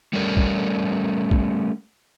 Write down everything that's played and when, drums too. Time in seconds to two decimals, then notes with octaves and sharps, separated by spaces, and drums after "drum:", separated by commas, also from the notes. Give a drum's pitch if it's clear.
0.13 G3 A3 C#4 A#4 D5
0.37 drum: kick
1.31 drum: kick